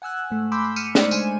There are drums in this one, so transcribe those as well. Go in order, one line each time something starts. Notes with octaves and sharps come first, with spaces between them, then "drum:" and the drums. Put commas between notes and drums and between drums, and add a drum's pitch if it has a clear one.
F#5 G#5 E6 F#6
G#2 A3
B5 C6 D6 E6 G6 B6
F6 C#7 D#7 E7, drum: tambourine
G#3 A3 D4 D#4 C5 D5, drum: snare
C#3 G#3 C5 G#5 D#7, drum: tambourine